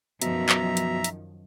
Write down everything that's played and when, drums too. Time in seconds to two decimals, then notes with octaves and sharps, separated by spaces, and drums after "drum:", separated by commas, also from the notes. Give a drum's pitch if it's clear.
0.22 F#2 B2 D#3 F3 E5 A#5, drum: hi-hat
0.49 drum: clap
0.77 drum: hi-hat
1.04 drum: hi-hat